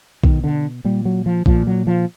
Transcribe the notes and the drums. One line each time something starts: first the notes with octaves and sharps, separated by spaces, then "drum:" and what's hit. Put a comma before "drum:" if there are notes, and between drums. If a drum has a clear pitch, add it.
B2 D#3, drum: kick B1
D3
A#2 G3
F#3
F3
A#2 F3, drum: kick B1
F#3
F3